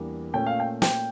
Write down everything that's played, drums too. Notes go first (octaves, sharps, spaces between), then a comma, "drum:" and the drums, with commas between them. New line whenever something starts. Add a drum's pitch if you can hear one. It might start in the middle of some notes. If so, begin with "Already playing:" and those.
Already playing: E2 E3 G3 A#3 D4
A#2 A3 C#4 G5
F5
G5
G5, drum: snare